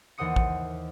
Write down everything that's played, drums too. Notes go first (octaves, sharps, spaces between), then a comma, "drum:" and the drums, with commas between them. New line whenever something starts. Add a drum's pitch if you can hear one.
D#2 E3 C5 F#5 D#6 C#7
drum: kick